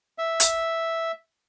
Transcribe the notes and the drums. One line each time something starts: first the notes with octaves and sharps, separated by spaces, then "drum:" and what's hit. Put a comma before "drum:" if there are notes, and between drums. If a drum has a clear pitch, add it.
E5
drum: hi-hat